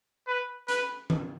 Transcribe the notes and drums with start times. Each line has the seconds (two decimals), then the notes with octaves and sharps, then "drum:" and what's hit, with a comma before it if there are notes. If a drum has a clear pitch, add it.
0.27 B4
0.68 B4, drum: hi-hat
1.10 drum: tom D#3